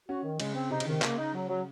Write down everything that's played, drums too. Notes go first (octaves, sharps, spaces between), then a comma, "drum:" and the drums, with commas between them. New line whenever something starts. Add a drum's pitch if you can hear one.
C#4 F#4
D#3
C#3 G#3, drum: cymbal
C4
C3 D#4
C#3, drum: cymbal
C3 D#3
C#3 A#3, drum: clap
D#4
F#3
F#3